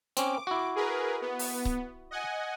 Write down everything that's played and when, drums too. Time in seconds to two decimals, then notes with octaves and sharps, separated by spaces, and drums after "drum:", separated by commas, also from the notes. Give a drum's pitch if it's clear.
0.17 C4 C#4 D6, drum: hi-hat
0.47 E4 F#4
0.76 G#4 A#4 B4
1.22 B3
1.39 drum: open hi-hat
1.65 drum: kick C#1
2.11 D#5 F#5 G#5